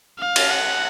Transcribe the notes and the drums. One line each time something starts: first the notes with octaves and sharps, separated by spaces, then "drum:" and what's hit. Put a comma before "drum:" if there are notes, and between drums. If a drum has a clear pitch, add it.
F5
drum: cymbal
F#5